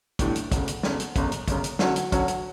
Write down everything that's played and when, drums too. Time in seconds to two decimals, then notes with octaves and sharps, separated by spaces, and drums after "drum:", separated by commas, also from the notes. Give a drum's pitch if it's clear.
0.19 B1 A2 E3 G3 D4, drum: kick, hi-hat
0.36 drum: hi-hat
0.52 E1 D2 C#3, drum: kick, hi-hat
0.68 drum: hi-hat
0.83 E1 D2 C#3, drum: snare
1.00 drum: hi-hat
1.16 G1 F#2 C#3, drum: kick, hi-hat
1.32 drum: hi-hat
1.48 G1 F#2 C#3, drum: kick, hi-hat
1.64 drum: hi-hat
1.79 D3 F#3 C#4 F#4, drum: snare
1.96 drum: hi-hat
2.12 D3 F#3 C#4 F#4, drum: kick, hi-hat
2.28 drum: hi-hat